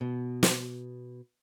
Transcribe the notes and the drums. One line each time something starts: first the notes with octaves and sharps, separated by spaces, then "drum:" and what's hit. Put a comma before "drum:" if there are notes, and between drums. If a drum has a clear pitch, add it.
B2
drum: snare